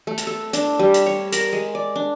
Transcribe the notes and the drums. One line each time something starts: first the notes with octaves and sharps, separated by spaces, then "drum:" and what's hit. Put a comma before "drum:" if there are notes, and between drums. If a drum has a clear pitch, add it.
A3
drum: hi-hat
A4
D4, drum: hi-hat
G3
drum: hi-hat
C#5
A#4, drum: hi-hat
G#3
D5
D4